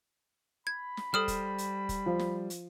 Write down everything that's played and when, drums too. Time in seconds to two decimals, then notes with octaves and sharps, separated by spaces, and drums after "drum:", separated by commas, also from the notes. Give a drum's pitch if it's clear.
0.67 B5 G#6
0.97 drum: snare
1.14 G3 A4 C5 D#6 F6
1.28 drum: kick, hi-hat
1.58 drum: hi-hat
1.89 drum: kick, hi-hat
2.06 F3
2.19 drum: snare
2.50 drum: hi-hat